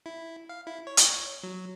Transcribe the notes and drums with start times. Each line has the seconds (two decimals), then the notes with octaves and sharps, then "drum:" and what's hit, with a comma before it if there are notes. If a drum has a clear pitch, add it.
0.06 E4
0.49 F5
0.67 E4
0.87 C#5
0.97 drum: hi-hat
1.43 F#3